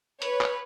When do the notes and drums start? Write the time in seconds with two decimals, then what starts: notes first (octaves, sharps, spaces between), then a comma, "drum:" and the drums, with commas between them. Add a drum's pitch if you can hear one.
0.22 B4 C#5, drum: hi-hat
0.41 drum: clap